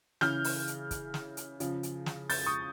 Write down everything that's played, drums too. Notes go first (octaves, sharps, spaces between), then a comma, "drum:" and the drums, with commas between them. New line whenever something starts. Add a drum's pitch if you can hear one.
C#3 E3 F6 G6, drum: snare
drum: open hi-hat
drum: hi-hat
drum: kick, hi-hat
drum: snare
drum: hi-hat
C#3 F3, drum: hi-hat
drum: hi-hat
drum: snare
G6 A6, drum: open hi-hat
C#6 D#6